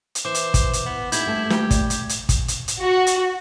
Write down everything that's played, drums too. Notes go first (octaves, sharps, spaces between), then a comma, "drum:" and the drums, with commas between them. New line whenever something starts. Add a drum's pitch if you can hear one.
drum: hi-hat
E3 C5 D6 E7
drum: hi-hat
drum: kick, hi-hat
drum: hi-hat
B3
D#4 E4 F#4 G#4 G6 G#6, drum: hi-hat
G2 A3 A5
A3 G4, drum: snare
D5, drum: kick, hi-hat
drum: hi-hat
drum: hi-hat
drum: kick, hi-hat
drum: hi-hat
drum: hi-hat
F#4
drum: hi-hat